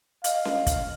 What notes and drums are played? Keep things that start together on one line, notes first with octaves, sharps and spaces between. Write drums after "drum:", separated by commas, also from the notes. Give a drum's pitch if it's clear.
D#5 F5, drum: hi-hat
drum: snare C#4
drum: kick, hi-hat